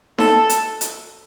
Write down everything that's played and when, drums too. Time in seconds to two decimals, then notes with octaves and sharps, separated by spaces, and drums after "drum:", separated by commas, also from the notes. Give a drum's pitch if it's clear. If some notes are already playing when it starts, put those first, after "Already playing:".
0.18 A4, drum: snare D#4
0.49 drum: hi-hat
0.81 drum: hi-hat